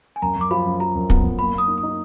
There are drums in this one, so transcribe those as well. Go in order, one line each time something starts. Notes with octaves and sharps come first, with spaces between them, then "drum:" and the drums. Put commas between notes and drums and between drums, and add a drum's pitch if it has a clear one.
G#5
F#2 A#5
F#2 D6
F3 B5
F#2
F3 A#5
F#2
B3, drum: kick
F#2
A#3 B5
A#3 D#6
D#4
D#6
D#4